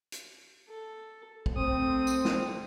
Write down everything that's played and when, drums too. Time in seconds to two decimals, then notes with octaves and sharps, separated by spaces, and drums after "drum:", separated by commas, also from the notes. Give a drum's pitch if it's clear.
0.12 drum: hi-hat
0.69 A4
1.46 drum: kick
1.56 A3 C4 D#6
2.07 drum: tambourine
2.25 drum: snare